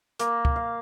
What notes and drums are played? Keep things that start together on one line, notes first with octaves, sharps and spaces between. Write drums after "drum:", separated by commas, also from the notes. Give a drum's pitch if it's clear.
A#3, drum: hi-hat
drum: kick
F5